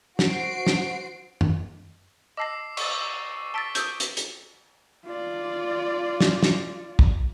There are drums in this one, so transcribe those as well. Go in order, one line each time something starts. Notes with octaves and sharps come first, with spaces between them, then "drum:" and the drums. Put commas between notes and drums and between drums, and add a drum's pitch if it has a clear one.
F#4 C5 C7 D7, drum: snare
drum: snare
drum: tom F#2
D#5 A5 D6 E6 A#6 C7
C#6 A6, drum: cymbal
A5 E6 A6 B6 D7 G7
D#6 E6 G6, drum: hi-hat
drum: hi-hat
drum: hi-hat
F4 D5
drum: snare
drum: snare
drum: kick